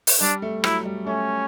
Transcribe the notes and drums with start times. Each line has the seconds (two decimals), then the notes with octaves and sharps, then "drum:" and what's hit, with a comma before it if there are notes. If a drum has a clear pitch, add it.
0.07 drum: open hi-hat
0.21 G3 D4
0.42 A3
0.64 F#3 E4, drum: rim click
0.85 G3
1.07 A3 C#4